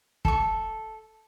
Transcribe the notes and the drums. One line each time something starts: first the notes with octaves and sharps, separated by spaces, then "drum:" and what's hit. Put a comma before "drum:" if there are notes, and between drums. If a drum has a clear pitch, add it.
A4 C#6, drum: kick